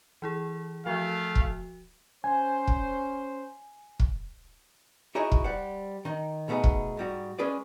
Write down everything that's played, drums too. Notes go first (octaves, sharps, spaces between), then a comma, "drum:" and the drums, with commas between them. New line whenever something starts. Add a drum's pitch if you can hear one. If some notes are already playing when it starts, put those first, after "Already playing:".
E3 E4 G#4
F3 A3 F#4 F5
drum: kick
C#4 C5 G#5
drum: kick
drum: kick
D#4 E4 F#4 G#4 C#5 D#5
drum: kick
G3 C5 F#5
D#3 D#4
B2 A3 B3 D#4 G#4
drum: kick
G#2 G3 F#4
G#3 C#4 G#4 B4 D5